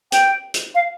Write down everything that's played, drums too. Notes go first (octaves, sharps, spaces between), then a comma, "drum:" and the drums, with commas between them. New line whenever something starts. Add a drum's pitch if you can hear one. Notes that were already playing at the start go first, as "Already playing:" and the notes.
G5, drum: hi-hat
drum: hi-hat
F5